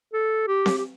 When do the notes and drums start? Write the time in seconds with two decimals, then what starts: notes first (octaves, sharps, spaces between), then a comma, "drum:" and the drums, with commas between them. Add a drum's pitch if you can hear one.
0.13 A4
0.48 G4
0.66 drum: snare C4
0.78 G4